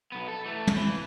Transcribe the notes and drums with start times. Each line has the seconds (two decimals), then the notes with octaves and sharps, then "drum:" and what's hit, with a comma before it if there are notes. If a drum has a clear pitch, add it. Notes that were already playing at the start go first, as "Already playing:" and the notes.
0.12 B1 B3
0.28 A4
0.45 E3 A3
0.67 drum: tom
0.76 E3